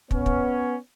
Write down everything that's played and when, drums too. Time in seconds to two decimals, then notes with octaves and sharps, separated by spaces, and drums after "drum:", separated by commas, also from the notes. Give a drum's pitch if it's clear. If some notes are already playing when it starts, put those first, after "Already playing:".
0.11 B3 C#4, drum: kick
0.26 drum: kick